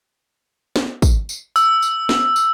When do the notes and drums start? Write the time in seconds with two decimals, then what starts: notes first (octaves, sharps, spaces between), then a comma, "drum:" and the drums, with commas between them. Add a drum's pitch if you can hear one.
0.76 drum: snare
1.02 drum: kick, tambourine
1.29 drum: tambourine
1.56 E6, drum: tambourine
1.82 drum: tambourine
2.09 drum: snare
2.36 drum: tambourine